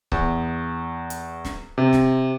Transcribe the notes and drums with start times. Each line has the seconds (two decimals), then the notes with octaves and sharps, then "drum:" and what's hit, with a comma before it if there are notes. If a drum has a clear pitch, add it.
0.12 E2, drum: kick C#1
1.10 drum: hi-hat
1.45 drum: snare
1.78 C3
1.93 drum: snare